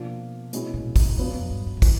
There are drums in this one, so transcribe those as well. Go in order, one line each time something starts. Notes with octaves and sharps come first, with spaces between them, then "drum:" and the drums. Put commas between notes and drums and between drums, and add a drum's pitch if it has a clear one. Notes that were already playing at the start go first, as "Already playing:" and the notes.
Already playing: B2 F3 A#3 D4 F4
B2 G#3 C#4 E4, drum: hi-hat
A#2
A2, drum: kick, open hi-hat
A#2
A2
E2 F#3 B3 D4 F4
F2
G2
G2
A2
E3, drum: kick, open hi-hat